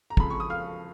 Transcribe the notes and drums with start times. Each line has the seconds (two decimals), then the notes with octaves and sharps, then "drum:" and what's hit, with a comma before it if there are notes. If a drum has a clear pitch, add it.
0.10 A#5
0.17 F2 C#3 F3 G#3 B5, drum: kick
0.30 C#6
0.40 D#6
0.50 F5 F6